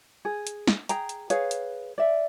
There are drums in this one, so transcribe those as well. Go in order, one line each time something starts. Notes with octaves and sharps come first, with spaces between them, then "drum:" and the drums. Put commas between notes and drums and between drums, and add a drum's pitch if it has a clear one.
G#4
drum: hi-hat
drum: snare
G#4 G5 A#5, drum: hi-hat
drum: hi-hat
G#4 B4 C#5 F5, drum: hi-hat
drum: hi-hat
D5 E5